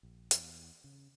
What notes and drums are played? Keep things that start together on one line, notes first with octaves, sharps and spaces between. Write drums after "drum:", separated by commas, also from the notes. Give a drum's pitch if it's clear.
A#1
E2, drum: hi-hat
C#3